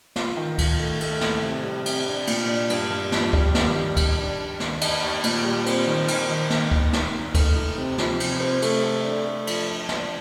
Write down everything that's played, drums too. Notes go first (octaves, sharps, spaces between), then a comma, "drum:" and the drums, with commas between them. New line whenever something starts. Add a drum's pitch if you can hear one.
F4, drum: snare
D#3
D#3, drum: kick D2, cymbal
A3
A3, drum: cymbal
A2, drum: snare
C3
G3
C3, drum: cymbal
D4
A#2, drum: cymbal
D4
G2, drum: cymbal
G2
F3, drum: snare
G3, drum: kick D2
D#3, drum: snare
G3
G3, drum: kick D2, cymbal
D4
D4
D#3, drum: snare
D#2, drum: cymbal
D#2
A#2, drum: cymbal
G3
C4, drum: cymbal
D#3
D#3, drum: cymbal
D#3
A#3, drum: snare
D#3, drum: kick D2
D#4, drum: snare
D#4
A3, drum: kick D2, cymbal
D#4
C3
F3, drum: snare
C3, drum: cymbal
C4
A3, drum: cymbal
A3
D4
A3
F3, drum: cymbal
D4
D4, drum: snare